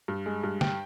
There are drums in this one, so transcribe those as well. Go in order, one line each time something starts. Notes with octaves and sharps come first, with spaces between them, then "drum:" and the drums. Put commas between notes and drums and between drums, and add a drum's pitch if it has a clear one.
G2
G#3
G2
G5, drum: snare